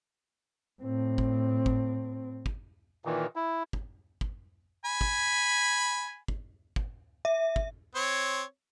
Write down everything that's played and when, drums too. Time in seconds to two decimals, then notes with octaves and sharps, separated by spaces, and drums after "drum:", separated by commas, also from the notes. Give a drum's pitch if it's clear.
0.82 A2 C4
1.18 drum: kick
1.66 drum: kick
2.46 drum: kick
3.05 A#2 D#3 E3
3.36 E4
3.73 drum: kick
4.21 drum: kick
4.85 G#5 B5
5.01 drum: kick
6.28 drum: kick
6.76 drum: kick
7.25 E5
7.56 drum: kick
7.95 C4 C#5